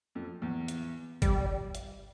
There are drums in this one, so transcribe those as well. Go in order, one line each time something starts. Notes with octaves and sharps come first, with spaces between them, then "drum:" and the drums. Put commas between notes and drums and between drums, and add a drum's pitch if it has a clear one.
F2
E2
drum: hi-hat
G3, drum: kick G1, hi-hat
drum: hi-hat